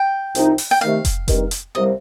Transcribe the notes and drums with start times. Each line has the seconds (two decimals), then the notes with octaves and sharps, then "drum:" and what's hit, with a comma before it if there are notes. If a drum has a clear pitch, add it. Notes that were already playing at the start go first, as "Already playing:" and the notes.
Already playing: G5
0.35 C2 C3 F3 C4 D#4, drum: hi-hat
0.58 drum: open hi-hat
0.71 G5
0.81 C3 D#3 A3 F5
1.05 drum: kick F1, hi-hat
1.28 G2 D#3 G3 C4 D#4, drum: kick F1, hi-hat
1.51 drum: hi-hat
1.75 C2 C3 G3 A#3 D#5